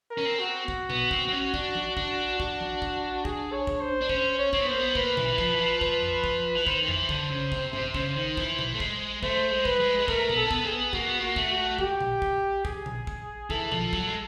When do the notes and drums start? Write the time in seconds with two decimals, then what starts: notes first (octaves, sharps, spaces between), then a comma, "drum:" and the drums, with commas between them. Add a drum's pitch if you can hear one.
0.11 A#4
0.17 C#4
0.25 C4
0.40 F#4
0.68 drum: kick A#1
0.90 B3, drum: tom A#2
1.11 C4, drum: kick A#1
1.28 C4
1.32 C#4
1.54 D4, drum: kick A#1
1.75 drum: tom E3
1.97 D4, drum: kick A#1
2.40 F#4, drum: kick A#1
2.61 drum: tom E3
2.82 drum: kick A#1
3.25 G#4, drum: kick A#1
3.53 C#5
3.67 drum: kick A#1
3.81 C5
4.01 D4
4.09 C#4 C5, drum: kick A#1
4.38 C#5
4.53 C4, drum: kick A#1
4.62 B3
4.67 A#3 C5
4.80 B3
4.95 A#3 B4, drum: kick A#1
5.17 E3, drum: tom A#2
5.28 E3
5.38 F3, drum: kick A#1
5.53 E3
5.60 F3
5.81 B4, drum: kick A#1
6.02 drum: tom F2
6.24 drum: kick A#1
6.55 E3
6.67 D#3 C5, drum: kick A#1
6.83 D#3
6.88 E3, drum: tom F2
7.09 D3, drum: kick A#1
7.30 C#3
7.52 C3, drum: kick A#1
7.73 C3, drum: tom G2
7.94 C#3, drum: kick A#1
8.16 D#3
8.37 E3, drum: kick A#1
8.59 drum: tom A#2
8.74 A3
8.80 G#3, drum: kick A#1
9.23 A3 C5, drum: kick A#1
9.51 G#3
9.65 B4, drum: kick A#1
9.80 G#3
9.99 G#3
10.08 A3 A#4, drum: kick A#1
10.30 B3, drum: tom A#2
10.37 A4
10.45 C4
10.51 B3, drum: kick A#1
10.64 C4 G#4
10.73 B3
10.93 A#3 F#4, drum: kick A#1
11.06 B3
11.18 A#3 F#4
11.36 A3, drum: kick A#1
11.51 F#4
11.79 G4, drum: kick A#1
12.00 drum: tom A#2
12.22 drum: kick A#1
12.65 G#4, drum: kick A#1
12.86 drum: tom A#2
13.07 drum: kick A#1
13.50 E3 A4, drum: kick A#1
13.72 F3, drum: tom A#2
13.93 F#3, drum: kick A#1
14.08 G#3